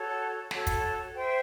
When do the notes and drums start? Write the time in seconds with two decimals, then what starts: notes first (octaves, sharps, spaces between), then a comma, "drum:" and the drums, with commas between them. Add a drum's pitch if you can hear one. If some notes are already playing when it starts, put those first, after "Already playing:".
Already playing: F#4 A4 C#5
0.51 F#4 A4 C#5, drum: snare
0.67 drum: kick, hi-hat
1.14 C5 E5 G5